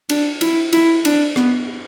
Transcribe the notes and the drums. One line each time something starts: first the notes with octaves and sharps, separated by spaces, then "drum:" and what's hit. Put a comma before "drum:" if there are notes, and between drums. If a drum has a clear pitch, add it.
D4, drum: cymbal
E4, drum: cymbal
E4, drum: cymbal
D4, drum: cymbal
B3, drum: rim click